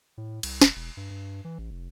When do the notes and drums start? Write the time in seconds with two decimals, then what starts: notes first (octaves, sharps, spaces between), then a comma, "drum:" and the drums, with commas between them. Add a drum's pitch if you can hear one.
0.18 A2
0.43 C2, drum: cymbal
0.61 E1, drum: snare
0.76 E1
0.97 G2
1.10 G2
1.44 E3
1.58 A1
1.71 F1